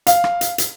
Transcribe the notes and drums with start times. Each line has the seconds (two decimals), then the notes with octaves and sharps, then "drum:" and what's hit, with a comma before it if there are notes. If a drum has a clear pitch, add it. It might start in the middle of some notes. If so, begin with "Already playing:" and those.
0.07 F5, drum: hi-hat
0.24 drum: rim click
0.41 drum: hi-hat
0.58 drum: hi-hat